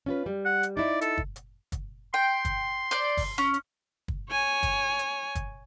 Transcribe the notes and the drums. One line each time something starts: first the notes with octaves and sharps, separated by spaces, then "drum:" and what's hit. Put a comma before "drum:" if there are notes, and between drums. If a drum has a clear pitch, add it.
C#4 F4 B4
G3
F#5
drum: hi-hat
D#4 E4 D5
A4, drum: hi-hat
drum: kick
drum: hi-hat
drum: kick, hi-hat
G5 C6
drum: kick, hi-hat
C5 D5
drum: kick, open hi-hat
C#4
drum: hi-hat
drum: kick
C#5 G#5
drum: kick, hi-hat
drum: hi-hat
drum: kick, hi-hat